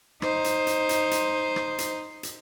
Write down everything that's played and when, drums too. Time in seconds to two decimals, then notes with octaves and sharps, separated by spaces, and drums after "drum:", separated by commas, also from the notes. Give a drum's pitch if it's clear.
0.22 D#4 C5, drum: rim click
0.44 drum: hi-hat
0.67 drum: hi-hat
0.89 drum: hi-hat
1.11 drum: hi-hat
1.56 drum: rim click
1.78 drum: hi-hat
2.23 drum: hi-hat